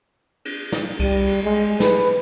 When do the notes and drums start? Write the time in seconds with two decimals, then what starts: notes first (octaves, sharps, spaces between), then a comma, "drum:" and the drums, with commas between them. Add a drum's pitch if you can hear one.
0.45 drum: cymbal
0.72 drum: snare
1.00 G3, drum: kick C2, cymbal
1.27 drum: cymbal
1.43 G#3
1.54 drum: cymbal
1.80 B4, drum: snare